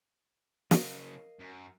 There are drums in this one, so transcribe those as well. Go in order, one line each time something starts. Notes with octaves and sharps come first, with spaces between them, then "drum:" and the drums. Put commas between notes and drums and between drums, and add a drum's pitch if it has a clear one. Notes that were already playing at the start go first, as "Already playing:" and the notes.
C#3 F#3 A#4 D#5 F5, drum: snare
F#2